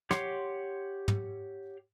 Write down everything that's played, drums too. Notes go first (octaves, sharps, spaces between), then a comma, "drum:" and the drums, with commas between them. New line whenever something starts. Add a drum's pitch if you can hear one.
G4 C#5 F#5 C6 D6, drum: snare
drum: tom